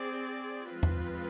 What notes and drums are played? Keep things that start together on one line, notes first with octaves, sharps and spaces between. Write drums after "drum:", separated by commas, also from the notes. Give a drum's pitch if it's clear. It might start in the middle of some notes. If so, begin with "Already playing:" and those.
Already playing: C4 G#4 D5
F3 G#3 C4 F4 B4
drum: tom E2